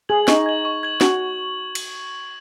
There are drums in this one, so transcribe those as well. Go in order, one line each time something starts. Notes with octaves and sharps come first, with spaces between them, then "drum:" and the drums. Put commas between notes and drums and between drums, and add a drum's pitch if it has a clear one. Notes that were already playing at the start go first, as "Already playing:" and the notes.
G#4 G#6 F#7
D#4 C#6, drum: snare
G#6 F#7
C#6
G#6 F#7
F#4 C#6, drum: snare
drum: cymbal